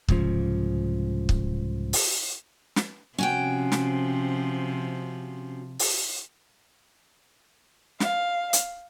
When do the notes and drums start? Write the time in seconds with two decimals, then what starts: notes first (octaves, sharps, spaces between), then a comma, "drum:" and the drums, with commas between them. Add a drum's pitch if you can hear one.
0.09 C2 G#2 C#3 F3, drum: kick
1.29 drum: kick
1.93 drum: open hi-hat
2.76 drum: snare
3.18 C3 F3 C#4 F#4 G5
3.72 drum: snare
5.79 drum: open hi-hat
8.00 F5, drum: snare
8.53 drum: hi-hat